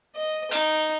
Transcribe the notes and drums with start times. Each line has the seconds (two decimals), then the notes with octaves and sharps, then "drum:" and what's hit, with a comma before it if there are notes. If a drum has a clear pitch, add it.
0.16 D#5
0.51 D#4, drum: hi-hat